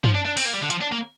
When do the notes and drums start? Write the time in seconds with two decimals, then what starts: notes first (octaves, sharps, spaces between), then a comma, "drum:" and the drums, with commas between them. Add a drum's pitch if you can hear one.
0.04 F3, drum: tom
0.14 D4
0.25 D4
0.37 C4, drum: open hi-hat
0.45 A#3
0.53 G3
0.62 D3
0.70 F3, drum: hi-hat
0.81 D4
0.92 A#3